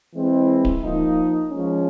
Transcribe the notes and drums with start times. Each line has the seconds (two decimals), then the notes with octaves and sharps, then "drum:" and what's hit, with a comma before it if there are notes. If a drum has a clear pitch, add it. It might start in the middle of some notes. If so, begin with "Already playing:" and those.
0.13 E3 G#3 C4 E4
0.65 drum: kick D1
0.83 F3 A#3 D#4
1.50 F3 G#3 C#4